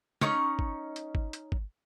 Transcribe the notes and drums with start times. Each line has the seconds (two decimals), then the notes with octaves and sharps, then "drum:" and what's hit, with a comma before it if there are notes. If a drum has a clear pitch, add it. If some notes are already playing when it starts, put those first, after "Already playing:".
0.21 C#4 D#4 C#6 D#6, drum: snare
0.59 drum: kick
0.96 drum: hi-hat
1.15 drum: kick
1.33 drum: hi-hat
1.52 drum: kick